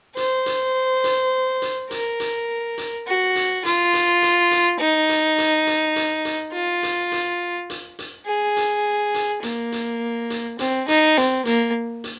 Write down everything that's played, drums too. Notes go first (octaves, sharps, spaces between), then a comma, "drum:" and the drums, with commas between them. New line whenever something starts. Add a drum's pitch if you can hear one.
C5, drum: hi-hat
drum: hi-hat
drum: hi-hat
drum: hi-hat
A#4, drum: hi-hat
drum: hi-hat
drum: hi-hat
F#4
drum: hi-hat
F4, drum: hi-hat
drum: hi-hat
drum: hi-hat
drum: hi-hat
D#4
drum: hi-hat
drum: hi-hat
drum: hi-hat
drum: hi-hat
drum: hi-hat
F4
drum: hi-hat
drum: hi-hat
drum: hi-hat
drum: hi-hat
G#4
drum: hi-hat
drum: hi-hat
A#3, drum: hi-hat
drum: hi-hat
drum: hi-hat
C4, drum: hi-hat
D#4, drum: hi-hat
C4, drum: hi-hat
A#3, drum: hi-hat
drum: hi-hat